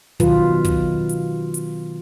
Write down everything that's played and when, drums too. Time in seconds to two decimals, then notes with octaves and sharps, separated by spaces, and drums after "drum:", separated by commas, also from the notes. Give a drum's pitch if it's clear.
0.20 B2 D#3 F#3 F4 B4, drum: kick, hi-hat
0.65 drum: kick, hi-hat
1.09 drum: hi-hat
1.54 drum: hi-hat